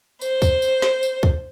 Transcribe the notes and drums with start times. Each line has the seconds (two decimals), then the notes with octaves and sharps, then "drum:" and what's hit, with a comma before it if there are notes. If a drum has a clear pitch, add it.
0.21 C5, drum: tambourine
0.42 drum: kick, tambourine
0.62 drum: tambourine
0.82 drum: snare
1.03 drum: tambourine
1.23 drum: kick